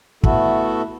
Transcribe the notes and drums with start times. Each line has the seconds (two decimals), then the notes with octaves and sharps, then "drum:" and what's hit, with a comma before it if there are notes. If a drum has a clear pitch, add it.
0.23 A3 B3 E4 F#4 A4, drum: kick